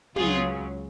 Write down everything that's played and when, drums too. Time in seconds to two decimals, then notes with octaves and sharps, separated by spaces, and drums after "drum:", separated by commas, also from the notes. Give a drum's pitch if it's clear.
0.16 C#2 C#3 F#3 F4 G#4, drum: tom